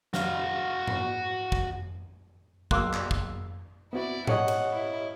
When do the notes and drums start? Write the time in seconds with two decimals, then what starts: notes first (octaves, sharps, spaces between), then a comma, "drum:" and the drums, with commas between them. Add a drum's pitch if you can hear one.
0.14 F#4 F5, drum: snare
0.88 drum: tom G#2
1.52 drum: kick
2.71 B1 A#3 G#4 A#4 C6 D6 E6 F#6, drum: kick
2.93 drum: clap
3.11 drum: kick
3.93 B3 C4 E4 F#4 D5
4.27 G4 C#5 D#5 F#5, drum: tom G#2
4.48 drum: cymbal
4.73 E4